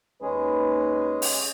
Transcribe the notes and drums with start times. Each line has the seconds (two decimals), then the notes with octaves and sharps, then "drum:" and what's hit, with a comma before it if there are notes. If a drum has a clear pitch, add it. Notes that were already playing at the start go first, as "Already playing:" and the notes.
0.22 D#2 G#3 C#4 G#4 B4
1.22 drum: open hi-hat